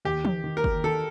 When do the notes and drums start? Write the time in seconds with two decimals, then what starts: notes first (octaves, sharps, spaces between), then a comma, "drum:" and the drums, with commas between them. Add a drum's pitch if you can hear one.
0.05 D#2 G4
0.25 D#3, drum: tom E3
0.44 D#3
0.57 A#4
0.64 D#2, drum: kick G1
0.84 D#3 A4